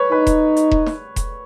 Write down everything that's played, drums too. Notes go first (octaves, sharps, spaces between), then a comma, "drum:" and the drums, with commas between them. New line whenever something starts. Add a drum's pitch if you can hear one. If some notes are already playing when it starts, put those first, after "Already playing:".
Already playing: B4 C#5
D#4 B4
drum: kick E1, hi-hat
drum: hi-hat
drum: kick E1
drum: snare
drum: kick E1, hi-hat